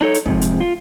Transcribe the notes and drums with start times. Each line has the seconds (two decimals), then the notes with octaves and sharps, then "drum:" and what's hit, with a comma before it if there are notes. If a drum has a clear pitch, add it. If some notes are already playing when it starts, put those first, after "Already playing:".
0.01 D4 D#4 A4 C#5
0.14 drum: hi-hat
0.26 G#2 C3 F3, drum: kick
0.41 drum: hi-hat
0.60 F4